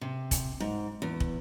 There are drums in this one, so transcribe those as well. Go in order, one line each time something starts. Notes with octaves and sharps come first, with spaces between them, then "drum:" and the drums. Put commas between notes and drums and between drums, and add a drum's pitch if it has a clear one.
C3
drum: kick, hi-hat
G#2
E2
drum: kick